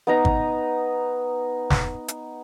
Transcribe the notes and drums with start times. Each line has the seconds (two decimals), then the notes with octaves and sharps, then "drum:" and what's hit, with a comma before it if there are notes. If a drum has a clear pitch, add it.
0.07 B3 D#4 A#5
0.25 drum: kick
1.70 drum: snare
2.08 drum: hi-hat